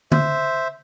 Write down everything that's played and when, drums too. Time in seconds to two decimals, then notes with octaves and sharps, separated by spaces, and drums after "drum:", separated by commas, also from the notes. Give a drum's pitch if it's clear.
0.12 C5 E5, drum: tom D3